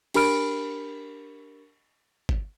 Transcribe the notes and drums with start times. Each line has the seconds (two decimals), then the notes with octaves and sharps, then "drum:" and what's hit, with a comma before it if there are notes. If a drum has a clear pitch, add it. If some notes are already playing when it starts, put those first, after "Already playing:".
0.14 D4 G4 A#4 B5 F6 D7, drum: cymbal
2.29 drum: kick